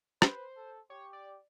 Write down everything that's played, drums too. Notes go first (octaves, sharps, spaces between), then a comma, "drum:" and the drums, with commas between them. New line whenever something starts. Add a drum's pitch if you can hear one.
B4 C5, drum: rim click
A4
G4 C#5
D5